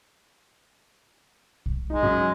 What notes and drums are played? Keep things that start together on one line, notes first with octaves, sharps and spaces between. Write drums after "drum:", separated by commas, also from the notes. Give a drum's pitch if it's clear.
drum: kick
G#3 D#4
F#2